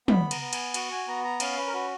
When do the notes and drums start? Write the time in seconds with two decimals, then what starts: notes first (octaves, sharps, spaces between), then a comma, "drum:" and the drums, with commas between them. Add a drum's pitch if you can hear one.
0.08 B3 B5, drum: tom
0.31 A#5, drum: cymbal
0.41 B3
0.53 G#5, drum: cymbal
0.74 F#4 F#5, drum: cymbal
0.91 G#5
1.08 B3 A#5
1.24 A#5
1.40 C#4 F5, drum: cymbal
1.57 B4
1.67 A#4
1.73 F#4 B4